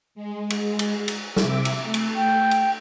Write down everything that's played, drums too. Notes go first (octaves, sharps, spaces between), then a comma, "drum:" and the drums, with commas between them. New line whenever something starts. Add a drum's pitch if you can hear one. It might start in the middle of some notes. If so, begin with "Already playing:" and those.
G#3
drum: cymbal
drum: cymbal
drum: cymbal
C3 E5 D6, drum: snare
drum: cymbal
A3
drum: cymbal
G5
drum: cymbal